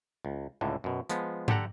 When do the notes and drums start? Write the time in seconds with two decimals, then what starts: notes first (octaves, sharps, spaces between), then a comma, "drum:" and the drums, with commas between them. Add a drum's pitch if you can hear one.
0.25 C#2
0.61 C#2 A2 D3
0.84 F#2 B2
1.09 F3 G#3 B3, drum: hi-hat
1.48 D3 G4 A4 F#5 A#5, drum: tom G#2